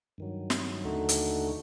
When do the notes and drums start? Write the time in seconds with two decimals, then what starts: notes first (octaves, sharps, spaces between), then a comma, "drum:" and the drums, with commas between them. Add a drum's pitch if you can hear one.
0.18 G2 D#3 F#3
0.50 drum: snare
0.85 D#2 D3 A3 D#4 F#4
1.09 drum: hi-hat